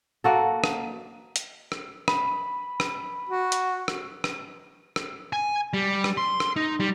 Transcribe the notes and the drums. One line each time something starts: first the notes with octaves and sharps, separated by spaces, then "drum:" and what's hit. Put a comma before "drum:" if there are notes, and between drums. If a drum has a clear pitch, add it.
A#3 F#4 A4
drum: rim click
drum: hi-hat
drum: rim click
B5, drum: rim click
drum: rim click
F#4
drum: hi-hat
drum: rim click
drum: rim click
drum: rim click
G#5
G3
drum: rim click
C6
drum: rim click
D#4
G3